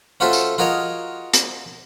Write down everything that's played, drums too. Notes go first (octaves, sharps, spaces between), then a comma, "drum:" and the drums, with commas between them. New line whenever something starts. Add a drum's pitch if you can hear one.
C#4 F4 F#4 A4 C5 E5
drum: tambourine
F4 F#4 G#4 A#4 C#5 D#5
drum: hi-hat